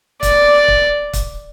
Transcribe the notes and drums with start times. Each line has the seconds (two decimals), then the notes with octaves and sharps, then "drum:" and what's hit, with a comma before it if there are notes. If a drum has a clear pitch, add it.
0.23 D5, drum: kick, hi-hat
0.68 drum: kick
1.13 drum: kick, hi-hat